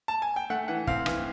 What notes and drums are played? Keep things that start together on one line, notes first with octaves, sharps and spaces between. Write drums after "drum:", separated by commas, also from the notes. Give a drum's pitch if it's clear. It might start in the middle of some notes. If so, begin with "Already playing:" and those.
A5
G#5
G5
A3 F#5
E3 F#5
C4 F5, drum: kick
E3, drum: rim click